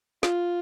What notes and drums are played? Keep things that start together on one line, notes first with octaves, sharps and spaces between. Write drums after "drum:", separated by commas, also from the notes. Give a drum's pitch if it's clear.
F4, drum: snare